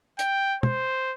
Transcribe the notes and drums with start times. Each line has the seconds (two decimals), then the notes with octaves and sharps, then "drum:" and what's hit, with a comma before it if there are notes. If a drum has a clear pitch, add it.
0.19 G5, drum: hi-hat
0.63 C5, drum: tom